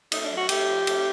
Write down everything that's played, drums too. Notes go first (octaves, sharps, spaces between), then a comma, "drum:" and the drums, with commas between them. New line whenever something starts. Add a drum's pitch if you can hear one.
A3 D#4, drum: cymbal
D4
F#3
F#4
A3 G4, drum: cymbal
F3
A3, drum: cymbal